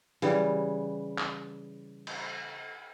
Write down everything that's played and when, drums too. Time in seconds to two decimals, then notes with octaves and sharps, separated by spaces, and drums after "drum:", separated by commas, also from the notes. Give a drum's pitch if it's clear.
0.22 C#3 E3 G3, drum: hi-hat
1.19 drum: clap
2.07 drum: cymbal